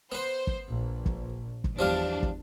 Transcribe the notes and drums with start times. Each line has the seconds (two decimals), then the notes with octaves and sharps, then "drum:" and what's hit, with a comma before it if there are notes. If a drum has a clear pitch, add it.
0.12 B3 B4 C5
0.47 drum: kick
0.67 A#1
1.06 drum: kick
1.64 drum: kick
1.79 E2 F3 G3 D4 F5
2.23 drum: kick